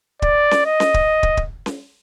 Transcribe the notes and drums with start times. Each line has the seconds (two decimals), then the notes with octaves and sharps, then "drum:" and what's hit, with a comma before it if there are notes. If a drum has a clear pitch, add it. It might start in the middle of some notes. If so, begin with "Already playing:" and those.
0.22 D5, drum: kick
0.51 drum: snare C#4
0.66 D#5
0.80 drum: snare C#4
0.94 drum: kick
1.23 drum: kick
1.37 drum: kick
1.66 drum: snare C#4